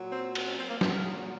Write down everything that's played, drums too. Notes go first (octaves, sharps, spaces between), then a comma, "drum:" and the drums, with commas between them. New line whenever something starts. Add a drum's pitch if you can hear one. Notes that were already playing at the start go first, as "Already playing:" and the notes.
Already playing: A#2 F#3
C4
C4, drum: cymbal
C#4
C4
A#3
A#2 F#3 C4, drum: snare
A#4
G#4
F#4